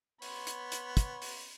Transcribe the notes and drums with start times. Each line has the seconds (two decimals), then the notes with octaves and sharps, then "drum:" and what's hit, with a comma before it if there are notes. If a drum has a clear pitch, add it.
0.22 B3 C#5 B5 C6, drum: open hi-hat
0.47 drum: hi-hat
0.72 drum: hi-hat
0.97 drum: kick, hi-hat
1.22 drum: open hi-hat